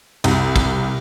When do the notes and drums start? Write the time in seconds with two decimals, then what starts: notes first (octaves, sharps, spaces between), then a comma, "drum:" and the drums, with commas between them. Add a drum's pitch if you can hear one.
0.24 C2, drum: cymbal
0.56 drum: kick, cymbal